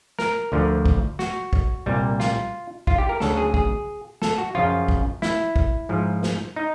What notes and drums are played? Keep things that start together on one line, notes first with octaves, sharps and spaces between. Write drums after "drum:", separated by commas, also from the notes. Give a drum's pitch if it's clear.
A#4, drum: snare
D2 D3 F3
drum: kick
F#4, drum: snare
drum: kick
C2 A#2 G3
F4, drum: snare
F4, drum: kick
G4
A#4
D2 C#3 F#3 A4, drum: snare
G#4
G#4, drum: kick
A4, drum: snare
F#4
F#2 C#3 F3 F4
drum: kick
E4, drum: snare
drum: kick
G#2 F3
drum: snare
D#4